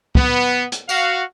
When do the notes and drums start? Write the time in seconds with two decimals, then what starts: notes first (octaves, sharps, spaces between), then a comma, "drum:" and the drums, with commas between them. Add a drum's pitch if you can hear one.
0.15 B3, drum: kick
0.72 drum: hi-hat
0.89 F#4 F5, drum: tambourine